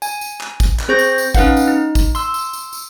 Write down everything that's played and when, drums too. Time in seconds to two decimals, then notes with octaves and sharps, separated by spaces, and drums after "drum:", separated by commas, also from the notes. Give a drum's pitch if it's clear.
0.02 G#5, drum: tambourine
0.21 drum: tambourine
0.41 drum: clap
0.60 drum: kick, tambourine
0.79 drum: clap
0.88 C4 G#4 C5 C#6 G6 A#6
0.99 drum: tambourine
1.18 drum: tambourine
1.34 C#4 D#4 B4 F5 F#5, drum: kick, tambourine
1.57 drum: tambourine
1.68 D#4
1.95 drum: kick, tambourine
2.15 C6 E6, drum: tambourine
2.34 drum: tambourine
2.53 drum: tambourine
2.73 drum: tambourine